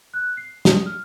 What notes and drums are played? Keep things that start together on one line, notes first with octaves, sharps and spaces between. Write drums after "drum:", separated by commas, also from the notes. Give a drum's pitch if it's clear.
F#6
C7
D#6, drum: snare
F6